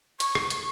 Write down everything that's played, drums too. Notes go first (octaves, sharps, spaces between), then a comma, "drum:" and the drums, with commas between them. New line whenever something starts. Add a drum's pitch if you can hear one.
C#6, drum: hi-hat
drum: rim click
drum: hi-hat